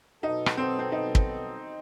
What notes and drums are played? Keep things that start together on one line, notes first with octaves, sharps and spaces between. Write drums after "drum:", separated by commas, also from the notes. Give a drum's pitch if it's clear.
B2 F#3 B3 D#4 F#4 A4
drum: rim click
C4
C4
D#4
drum: kick